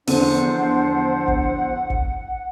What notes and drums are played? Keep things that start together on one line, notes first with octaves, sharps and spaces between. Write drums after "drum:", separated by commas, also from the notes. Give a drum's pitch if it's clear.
E2 D3 F3 D4 C5 F#5 D#7, drum: open hi-hat
drum: kick
drum: kick